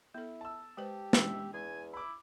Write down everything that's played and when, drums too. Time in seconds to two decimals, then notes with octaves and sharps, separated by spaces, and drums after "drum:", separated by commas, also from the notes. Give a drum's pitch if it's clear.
0.15 B3 E4 A4
0.41 A5 E6
0.77 G#3 G4 B4 C5
1.13 C#4 D4 E5, drum: snare
1.54 E2 G#5
1.94 E4 B5 D6